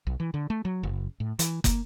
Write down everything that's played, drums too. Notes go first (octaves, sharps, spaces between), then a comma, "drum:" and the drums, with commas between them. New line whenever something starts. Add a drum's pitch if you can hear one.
B1
E3
D3
A3
F#3
F#1
A2
E3, drum: hi-hat
A#3, drum: kick, hi-hat